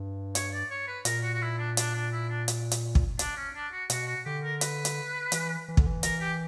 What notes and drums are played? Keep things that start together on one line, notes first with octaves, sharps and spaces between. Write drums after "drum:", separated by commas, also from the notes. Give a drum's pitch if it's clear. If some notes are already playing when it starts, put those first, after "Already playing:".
Already playing: G2
C#5, drum: hi-hat
D5
C#5
B4
A#2 A#4, drum: hi-hat
F#4
F#4
E4
D4
D4, drum: hi-hat
D4
E4
D4
drum: hi-hat
drum: hi-hat
drum: kick
D4, drum: hi-hat
C#4
D4
F#4
B2 F#4, drum: hi-hat
F#4
D3 G4
A#4
B4, drum: hi-hat
drum: hi-hat
E3, drum: hi-hat
E3
D3, drum: kick
E3
A#4, drum: hi-hat
G4